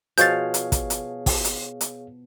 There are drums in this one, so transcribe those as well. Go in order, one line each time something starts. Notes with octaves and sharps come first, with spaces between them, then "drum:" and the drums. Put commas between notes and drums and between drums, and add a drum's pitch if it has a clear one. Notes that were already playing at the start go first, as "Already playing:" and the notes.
B2 F3 G#4 C#5 F5 G6 A6, drum: hi-hat
drum: hi-hat
drum: kick, hi-hat
drum: hi-hat
drum: kick, open hi-hat
drum: hi-hat
drum: hi-hat